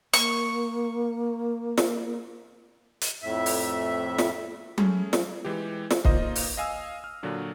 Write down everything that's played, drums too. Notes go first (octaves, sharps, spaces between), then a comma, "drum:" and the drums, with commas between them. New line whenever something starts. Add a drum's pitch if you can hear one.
A#3 C#6, drum: hi-hat
drum: snare
drum: hi-hat
F2 A2 E5
drum: open hi-hat
drum: snare
A3 C#4 G#4, drum: tom F#3
drum: snare
E3 G#3 G4
drum: snare
A#3 D#4 F4 C5 D#5, drum: kick
drum: open hi-hat
D#5 F5 G#5 D#6 E6
F6
A#2 D3 F#3 F#4